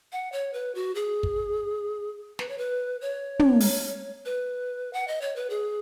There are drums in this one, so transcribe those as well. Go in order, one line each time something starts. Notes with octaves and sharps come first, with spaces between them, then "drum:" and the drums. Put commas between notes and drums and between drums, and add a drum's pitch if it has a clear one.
F#5
C#5
B4
F#4
G#4
drum: kick
B4, drum: snare
C#5
B4
C#5
drum: tom
drum: open hi-hat
B4
F#5
D#5
C#5
B4
G#4